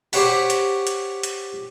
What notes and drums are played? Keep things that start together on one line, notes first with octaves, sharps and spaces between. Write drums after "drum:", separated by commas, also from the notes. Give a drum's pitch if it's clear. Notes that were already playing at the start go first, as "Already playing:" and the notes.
G4 C5 C#5 F#5 B5, drum: open hi-hat
drum: hi-hat
drum: hi-hat
drum: hi-hat